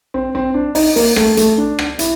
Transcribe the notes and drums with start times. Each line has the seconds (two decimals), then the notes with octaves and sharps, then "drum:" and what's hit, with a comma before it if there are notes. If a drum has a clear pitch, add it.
0.14 C4
0.35 C4
0.54 D4
0.75 D#4, drum: open hi-hat
0.96 A#3, drum: open hi-hat
1.16 A3, drum: rim click
1.37 A3, drum: hi-hat
1.57 D4
1.79 drum: rim click
1.99 E4, drum: hi-hat